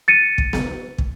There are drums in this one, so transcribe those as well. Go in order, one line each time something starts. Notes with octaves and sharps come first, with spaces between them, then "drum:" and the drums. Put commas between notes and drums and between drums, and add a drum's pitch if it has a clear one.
A6 C#7 D#7
drum: kick
drum: snare B3
drum: kick